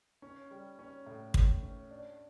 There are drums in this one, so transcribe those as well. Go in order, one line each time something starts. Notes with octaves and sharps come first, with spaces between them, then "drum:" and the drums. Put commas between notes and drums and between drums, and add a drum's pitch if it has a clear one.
C#4
G3
C#4
A2
A2, drum: kick
C#4
D4